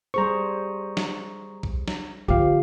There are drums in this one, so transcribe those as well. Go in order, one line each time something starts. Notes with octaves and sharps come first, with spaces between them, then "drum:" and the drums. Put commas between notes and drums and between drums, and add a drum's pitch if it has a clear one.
G3 G#4 C5 A#5 C#6
drum: snare
drum: kick B1
drum: snare
D3 F3 G4 F5